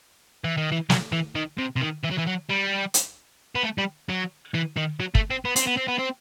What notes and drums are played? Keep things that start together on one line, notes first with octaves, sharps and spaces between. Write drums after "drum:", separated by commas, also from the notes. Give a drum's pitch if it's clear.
E3
D#3
E3
F#3, drum: snare
E3
D#3
C3
C3
D#3
E3
F#3
E3
F#3
G3
drum: hi-hat
B3
A3
G3
F#3
E3
D#3
F#3
A3, drum: kick
C4
B3
C4, drum: hi-hat
B3
C4
B3
C4